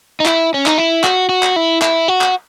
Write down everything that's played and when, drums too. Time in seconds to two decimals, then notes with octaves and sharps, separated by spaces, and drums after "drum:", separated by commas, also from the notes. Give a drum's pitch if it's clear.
0.20 D#4
0.26 E4, drum: clap
0.54 C#4
0.66 D#4, drum: clap
0.78 E4
1.04 F#4, drum: clap
1.29 F#4
1.43 drum: clap
1.56 E4
1.82 E4, drum: clap
2.08 F#4
2.21 drum: clap